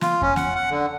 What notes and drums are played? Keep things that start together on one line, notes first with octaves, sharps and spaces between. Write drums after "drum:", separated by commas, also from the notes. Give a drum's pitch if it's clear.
F4, drum: snare
C#4, drum: kick F2
F#5, drum: snare
F#5
D3